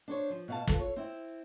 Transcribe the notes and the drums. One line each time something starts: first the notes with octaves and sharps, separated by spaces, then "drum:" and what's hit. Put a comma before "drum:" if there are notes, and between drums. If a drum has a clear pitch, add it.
D4 C5 C#5
F3
B2 F5 A5
F4 A4 B4, drum: kick
C#5
C4 E4